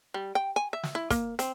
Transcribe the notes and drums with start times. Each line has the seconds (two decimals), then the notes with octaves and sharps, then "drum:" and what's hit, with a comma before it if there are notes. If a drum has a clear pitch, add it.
0.14 G3
0.35 G5
0.56 G#5
0.73 E5
0.83 drum: snare
0.95 E4
1.10 A#3, drum: kick, hi-hat
1.39 C4, drum: hi-hat